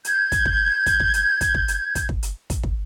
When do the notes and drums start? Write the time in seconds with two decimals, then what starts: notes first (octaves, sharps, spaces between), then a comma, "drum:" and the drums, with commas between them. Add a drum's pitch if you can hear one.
0.05 G6 G#6, drum: hi-hat
0.32 drum: kick, hi-hat
0.45 drum: kick
0.86 drum: kick, hi-hat
1.00 drum: kick
1.14 drum: hi-hat
1.41 drum: kick, hi-hat
1.54 drum: kick
1.68 drum: hi-hat
1.95 drum: kick, hi-hat
2.09 drum: kick
2.23 drum: hi-hat
2.50 drum: kick, hi-hat
2.63 drum: kick